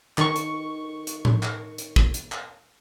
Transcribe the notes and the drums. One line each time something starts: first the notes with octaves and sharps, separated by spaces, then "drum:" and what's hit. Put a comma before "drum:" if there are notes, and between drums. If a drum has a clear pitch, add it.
D#3 C#6, drum: clap
drum: hi-hat
drum: hi-hat
drum: tom A2
drum: clap
drum: hi-hat
drum: kick
drum: hi-hat
drum: clap